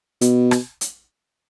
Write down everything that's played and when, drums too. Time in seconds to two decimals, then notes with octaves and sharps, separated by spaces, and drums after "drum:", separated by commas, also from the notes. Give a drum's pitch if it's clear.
0.21 B2, drum: hi-hat
0.51 drum: rim click
0.81 drum: hi-hat